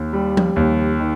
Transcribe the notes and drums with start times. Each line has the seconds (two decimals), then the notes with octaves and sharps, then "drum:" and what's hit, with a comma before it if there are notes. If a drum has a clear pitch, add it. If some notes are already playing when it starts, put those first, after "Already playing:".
Already playing: D#2
0.13 G3
0.37 drum: tom F3
0.56 D#2
0.99 D#3